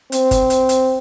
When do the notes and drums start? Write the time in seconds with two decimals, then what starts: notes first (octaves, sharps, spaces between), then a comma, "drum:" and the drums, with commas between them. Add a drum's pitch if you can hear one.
0.12 C4, drum: hi-hat
0.31 drum: kick G1, hi-hat
0.50 drum: hi-hat
0.69 drum: hi-hat